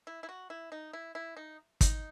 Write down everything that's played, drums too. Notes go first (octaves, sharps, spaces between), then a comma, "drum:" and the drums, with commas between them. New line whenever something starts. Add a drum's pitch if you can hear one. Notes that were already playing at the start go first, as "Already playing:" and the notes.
E4
E4
F#4
E4
D#4
E4
E4
D#4
D#4, drum: kick, hi-hat